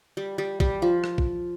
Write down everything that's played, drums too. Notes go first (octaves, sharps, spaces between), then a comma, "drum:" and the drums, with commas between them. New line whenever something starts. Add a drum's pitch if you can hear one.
G3
G3
G3, drum: kick A#1
F3
drum: rim click
drum: kick A#1